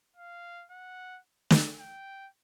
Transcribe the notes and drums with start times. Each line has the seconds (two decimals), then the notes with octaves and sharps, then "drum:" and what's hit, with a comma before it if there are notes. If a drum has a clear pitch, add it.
0.16 F5
0.71 F#5
1.50 drum: snare
1.79 G5